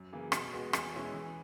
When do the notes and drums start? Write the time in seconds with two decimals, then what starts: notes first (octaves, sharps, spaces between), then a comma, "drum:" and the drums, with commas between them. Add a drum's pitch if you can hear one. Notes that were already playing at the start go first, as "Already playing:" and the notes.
Already playing: F#2
0.12 C#3 E3 A#3
0.32 B2, drum: rim click
0.53 G#3 B3 F#4
0.73 E2, drum: rim click
0.92 B2 G#3 C#4 E4
1.13 E3